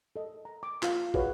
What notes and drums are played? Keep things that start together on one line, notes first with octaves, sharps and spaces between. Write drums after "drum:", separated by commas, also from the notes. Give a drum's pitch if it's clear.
A4 D#5
A#5
D6
F4 F5, drum: clap
F#4 G#4 B4 C#5 F5, drum: kick